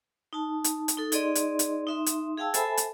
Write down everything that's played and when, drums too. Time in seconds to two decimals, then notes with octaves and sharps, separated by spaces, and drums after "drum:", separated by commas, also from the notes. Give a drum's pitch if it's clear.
0.33 D#4 A5
0.64 drum: hi-hat
0.88 drum: hi-hat
0.97 D#4 A4
1.12 D#4 G#4 D5 D#5 C6, drum: hi-hat
1.35 drum: hi-hat
1.59 drum: hi-hat
1.87 D#4 E5 C6
2.06 drum: hi-hat
2.37 G#4 F5 G5 A5 E6
2.54 A4 C5 E5 G#5 A5 B5, drum: hi-hat
2.77 drum: hi-hat